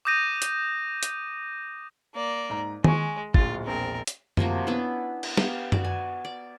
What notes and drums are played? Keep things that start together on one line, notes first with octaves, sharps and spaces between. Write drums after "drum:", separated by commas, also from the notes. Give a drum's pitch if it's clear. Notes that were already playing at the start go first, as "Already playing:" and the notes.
D6 D#6 G6 A#6 D#7
drum: hi-hat
drum: hi-hat
A#3 D5
G#2 A#5
G#3 G#5 C#6, drum: tom D#3
D1 A#1 F4 A6, drum: kick
E1 A#1 C4 A#4
drum: hi-hat
C3 F3 A#3 F#4, drum: tom F#2
B3 C#4 D4 E4
drum: cymbal
B3 G4 F5, drum: snare
F#4 D5, drum: tom F#2
G#5
D5